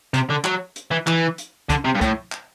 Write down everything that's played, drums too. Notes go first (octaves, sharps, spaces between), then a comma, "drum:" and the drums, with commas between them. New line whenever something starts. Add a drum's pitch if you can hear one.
C3, drum: hi-hat
D3
F#3, drum: clap
drum: hi-hat
E3
E3, drum: clap
drum: hi-hat
D3, drum: kick, hi-hat
C3
G2
A2, drum: kick, hi-hat
drum: clap